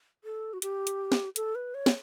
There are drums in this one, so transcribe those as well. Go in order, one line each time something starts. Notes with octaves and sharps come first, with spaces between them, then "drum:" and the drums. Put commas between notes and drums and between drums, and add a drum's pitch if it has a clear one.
A4
F#4
G4, drum: hi-hat
drum: hi-hat
drum: snare
A4, drum: hi-hat
B4
C#5
drum: snare